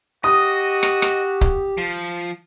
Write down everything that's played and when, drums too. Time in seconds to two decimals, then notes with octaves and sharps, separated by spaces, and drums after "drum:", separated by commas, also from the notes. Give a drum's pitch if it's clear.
0.24 F#4 G4 D#5 D#6
0.83 drum: rim click
1.02 drum: rim click
1.41 drum: kick C#1
1.78 F3